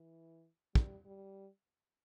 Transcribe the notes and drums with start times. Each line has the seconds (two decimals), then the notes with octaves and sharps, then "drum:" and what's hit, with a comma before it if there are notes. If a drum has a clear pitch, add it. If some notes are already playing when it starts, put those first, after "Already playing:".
Already playing: E3
0.75 G3, drum: kick
1.06 G3